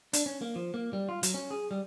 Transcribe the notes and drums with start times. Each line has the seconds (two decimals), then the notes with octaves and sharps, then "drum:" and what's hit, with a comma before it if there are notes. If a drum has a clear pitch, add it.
0.13 D4, drum: hi-hat
0.26 C#4
0.41 A#3
0.56 F3
0.74 A#3
0.93 G3
1.09 F4
1.23 F#3, drum: hi-hat
1.34 C#4
1.51 G#4
1.71 G3